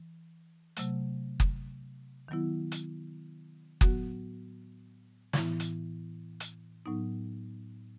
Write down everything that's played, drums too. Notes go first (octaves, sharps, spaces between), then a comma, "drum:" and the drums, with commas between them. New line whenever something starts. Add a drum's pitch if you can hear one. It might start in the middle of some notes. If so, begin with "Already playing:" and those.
Already playing: E3
C3 F#3 A3, drum: hi-hat
drum: kick F#1
D#3 F#3 B3 E4
drum: hi-hat
A2 F#3 B3 F#4, drum: kick F#1
A2 E3 B3 E4, drum: snare
drum: hi-hat
drum: hi-hat
A2 F#3 B3 D#4